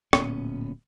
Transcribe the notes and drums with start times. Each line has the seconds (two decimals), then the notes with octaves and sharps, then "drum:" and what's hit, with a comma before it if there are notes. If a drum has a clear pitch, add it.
0.13 D1 A#2 B3 C#4, drum: rim click